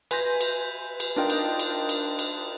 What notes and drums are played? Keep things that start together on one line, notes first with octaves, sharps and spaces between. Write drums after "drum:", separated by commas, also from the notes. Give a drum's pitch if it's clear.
B4 G#5 C6 G6 A#6, drum: cymbal
drum: cymbal
drum: cymbal
D4 D#4 F4 A#4 D#5 G5
drum: cymbal
drum: cymbal
drum: cymbal
drum: cymbal